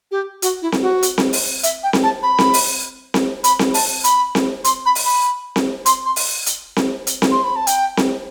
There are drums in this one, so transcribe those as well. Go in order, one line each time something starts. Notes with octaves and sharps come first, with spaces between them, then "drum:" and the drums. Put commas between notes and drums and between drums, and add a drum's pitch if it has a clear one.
G4
F#4, drum: hi-hat
E4
drum: snare C4
F#4
drum: hi-hat
drum: snare C4
drum: open hi-hat
E5, drum: hi-hat
G5
drum: snare C4
A5
B5
drum: snare C4
drum: open hi-hat
drum: snare C4
B5, drum: hi-hat
drum: snare C4
A5, drum: open hi-hat
B5, drum: hi-hat
drum: snare C4
C6, drum: hi-hat
B5
drum: open hi-hat
B5
drum: snare C4
C6, drum: hi-hat
C6
drum: open hi-hat
drum: hi-hat
drum: snare C4
drum: hi-hat
drum: snare C4
C6
B5
A5
G5, drum: hi-hat
drum: snare C4